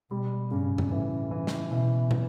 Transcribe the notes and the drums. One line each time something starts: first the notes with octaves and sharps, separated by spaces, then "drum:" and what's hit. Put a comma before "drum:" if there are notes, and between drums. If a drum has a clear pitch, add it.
B2 G3
G2 C#3
drum: tom F2
A2 E3
E3
drum: snare
B2 E3
E3, drum: tom